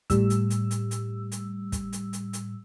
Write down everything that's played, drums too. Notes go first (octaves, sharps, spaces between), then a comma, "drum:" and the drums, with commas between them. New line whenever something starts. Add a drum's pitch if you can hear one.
A2 G3 E6, drum: kick, hi-hat
drum: hi-hat
drum: hi-hat
drum: hi-hat
drum: hi-hat
drum: hi-hat
drum: kick, hi-hat
drum: hi-hat
drum: hi-hat
drum: hi-hat